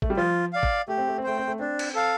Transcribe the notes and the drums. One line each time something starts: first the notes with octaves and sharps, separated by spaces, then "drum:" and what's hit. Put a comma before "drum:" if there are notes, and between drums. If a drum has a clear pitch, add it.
A3, drum: kick G#1
G3
F3 F4
D5 F5
drum: kick G#1
A3 G4
C4
A3
C4
A3 C5 G5
C4
A3
C4 D4
drum: cymbal
A4 F5